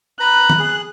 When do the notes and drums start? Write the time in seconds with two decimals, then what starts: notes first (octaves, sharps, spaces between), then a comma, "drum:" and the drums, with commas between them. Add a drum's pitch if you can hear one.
0.20 B4 A#5 B5 F#6
0.50 drum: tom D#3
0.59 G#4